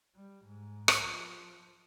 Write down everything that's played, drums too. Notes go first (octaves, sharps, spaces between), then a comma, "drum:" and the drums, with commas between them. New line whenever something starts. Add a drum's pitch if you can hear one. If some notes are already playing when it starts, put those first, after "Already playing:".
G3
G#2
drum: rim click
F3